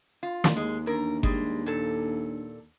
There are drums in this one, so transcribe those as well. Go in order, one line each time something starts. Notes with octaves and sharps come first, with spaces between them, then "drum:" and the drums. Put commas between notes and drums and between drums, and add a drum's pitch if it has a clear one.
F4
drum: snare
D#2 G#3
E2 D4 A#4
G3 G#3, drum: kick G1
A#2 A4